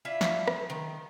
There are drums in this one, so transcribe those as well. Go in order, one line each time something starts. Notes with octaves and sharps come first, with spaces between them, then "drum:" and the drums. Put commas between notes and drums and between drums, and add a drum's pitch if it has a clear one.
D4 E4 F4 E5
drum: snare
drum: rim click
D#3